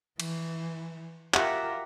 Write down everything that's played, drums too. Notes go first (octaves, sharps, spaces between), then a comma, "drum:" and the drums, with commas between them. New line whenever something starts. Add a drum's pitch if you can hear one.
E3, drum: cymbal
F4 G4 A#4 E5 F#5, drum: clap